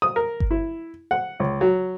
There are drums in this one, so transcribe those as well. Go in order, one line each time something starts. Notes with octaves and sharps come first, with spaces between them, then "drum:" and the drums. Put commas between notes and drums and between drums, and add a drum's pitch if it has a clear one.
D#6
A#4
drum: kick G1
E4
F#5
C#2
F#3